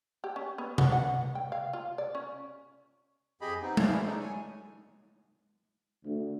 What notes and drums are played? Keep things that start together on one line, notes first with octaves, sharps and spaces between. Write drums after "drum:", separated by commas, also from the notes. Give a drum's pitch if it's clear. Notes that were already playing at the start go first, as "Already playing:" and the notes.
G4
C#4
B3
F#4, drum: tom C3
F#5
G5
F5
F4
D5
C#4
F2 G4 G#4 D#5 B5
B3 C4 D#4
A3 C#4 D4 C5 F5, drum: tom G#3
E3 G3 G#3 A#3 E4
D4 D#4 G#4 A4
C#5 G#5
D2